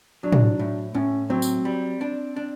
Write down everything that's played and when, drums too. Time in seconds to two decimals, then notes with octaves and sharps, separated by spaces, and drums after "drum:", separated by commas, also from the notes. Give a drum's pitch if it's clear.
0.23 F#3 D4
0.32 drum: tom
0.59 A2
0.94 A2 C#4
1.30 F#3 C4
1.42 drum: tambourine
1.65 G3
2.01 D4
2.36 D4